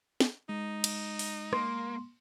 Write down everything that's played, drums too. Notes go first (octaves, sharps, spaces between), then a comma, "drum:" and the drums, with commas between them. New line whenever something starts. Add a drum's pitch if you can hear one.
drum: snare
G#3 D#4
drum: cymbal
drum: open hi-hat
A#3 C6, drum: rim click